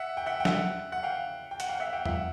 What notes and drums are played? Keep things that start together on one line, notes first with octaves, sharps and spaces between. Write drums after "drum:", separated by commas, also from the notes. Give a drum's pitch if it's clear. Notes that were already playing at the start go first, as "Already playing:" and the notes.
Already playing: E5 F#5
G5
E5 F#5
G5
E5 F#5, drum: snare
F#5
F5 G5
G5
F#5, drum: hi-hat
F5 G5
E5 F#5
F5 G5
E5 F#5, drum: tom E2